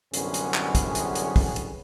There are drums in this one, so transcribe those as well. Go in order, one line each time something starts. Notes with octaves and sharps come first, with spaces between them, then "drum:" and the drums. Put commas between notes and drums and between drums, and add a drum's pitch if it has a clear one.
C2 F#2 D3 B3 C#4 G#4, drum: hi-hat
drum: hi-hat
drum: clap
drum: kick, hi-hat
drum: hi-hat
drum: hi-hat
drum: kick, open hi-hat
drum: hi-hat